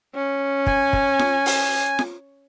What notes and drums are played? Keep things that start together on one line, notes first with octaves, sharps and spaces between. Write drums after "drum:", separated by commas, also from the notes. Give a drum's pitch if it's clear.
C#4
G#5, drum: kick
drum: kick
drum: snare F4
drum: open hi-hat
drum: snare F4